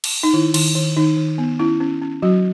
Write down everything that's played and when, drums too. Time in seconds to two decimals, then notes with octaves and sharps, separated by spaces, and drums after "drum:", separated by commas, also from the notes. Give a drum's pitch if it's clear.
0.04 drum: cymbal
0.23 D#4
0.34 D#3 E4
0.54 D#3, drum: cymbal
0.76 D#3
0.96 D#3 D#4
1.17 D#3
1.38 B3
1.59 C#4 E4
1.80 C#4
2.02 C#4
2.22 F#3 F#4